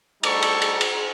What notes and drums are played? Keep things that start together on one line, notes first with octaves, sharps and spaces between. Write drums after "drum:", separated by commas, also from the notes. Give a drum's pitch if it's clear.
G3 A3 D4 D#4 A4 C#6, drum: cymbal
drum: cymbal
drum: cymbal
drum: cymbal